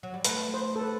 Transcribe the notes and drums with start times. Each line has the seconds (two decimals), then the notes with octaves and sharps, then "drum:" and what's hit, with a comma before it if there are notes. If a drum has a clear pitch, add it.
0.03 F#3
0.14 G3
0.24 A3 B4, drum: hi-hat
0.54 C5
0.76 A4
0.81 B4